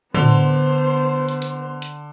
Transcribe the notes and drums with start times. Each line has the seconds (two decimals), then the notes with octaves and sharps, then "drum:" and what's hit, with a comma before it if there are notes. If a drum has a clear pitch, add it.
0.15 D3 B3 C5, drum: tom A2
1.29 drum: hi-hat
1.42 drum: hi-hat
1.82 drum: hi-hat